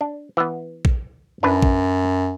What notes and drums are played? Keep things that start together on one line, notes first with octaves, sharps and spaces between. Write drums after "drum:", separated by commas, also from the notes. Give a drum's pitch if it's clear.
D4
E3 B3
drum: kick
F#2 D4 E4 B4
drum: kick